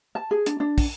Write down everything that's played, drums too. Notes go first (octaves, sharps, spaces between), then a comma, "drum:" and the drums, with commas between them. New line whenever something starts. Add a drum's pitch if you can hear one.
A5
G#4
D4, drum: hi-hat
D4
drum: kick, open hi-hat